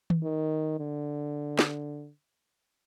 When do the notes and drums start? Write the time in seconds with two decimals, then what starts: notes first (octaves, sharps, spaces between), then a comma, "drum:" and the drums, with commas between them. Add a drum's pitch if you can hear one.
0.10 drum: tom D#3
0.23 D#3
0.80 D3
1.59 drum: snare